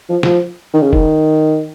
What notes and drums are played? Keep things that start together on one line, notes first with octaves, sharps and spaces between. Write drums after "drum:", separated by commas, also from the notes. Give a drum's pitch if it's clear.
F3
F3, drum: snare
D#3
C#3
D#3, drum: kick E1